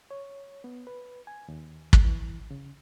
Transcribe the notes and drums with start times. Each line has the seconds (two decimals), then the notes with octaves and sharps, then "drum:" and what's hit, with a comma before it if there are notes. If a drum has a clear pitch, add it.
0.11 C#5
0.64 B3
0.87 B4
1.27 G#5
1.48 D#2
1.93 drum: kick
2.04 E3
2.51 C#3